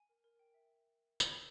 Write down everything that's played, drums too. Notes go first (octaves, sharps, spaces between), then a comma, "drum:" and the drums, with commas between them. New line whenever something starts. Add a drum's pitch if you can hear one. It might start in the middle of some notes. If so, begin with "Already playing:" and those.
Already playing: G#5
A#4
A#4
G5
E5
drum: tambourine